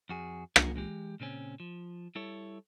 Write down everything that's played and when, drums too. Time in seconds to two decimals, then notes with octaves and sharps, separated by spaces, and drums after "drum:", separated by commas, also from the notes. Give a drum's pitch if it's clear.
0.09 F2 F#4 G#4
0.56 G#4 A#4 E5 F#5, drum: rim click
0.76 E3 G#3 G4
1.20 A#2 C#3 C4 C#4
1.60 F3
2.15 G3 E4 A4 C#5